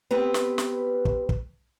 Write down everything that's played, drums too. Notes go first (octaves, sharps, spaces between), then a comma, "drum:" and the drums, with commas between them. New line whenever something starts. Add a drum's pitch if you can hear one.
B3 C4 G4 B4
drum: snare
drum: snare
drum: kick
drum: kick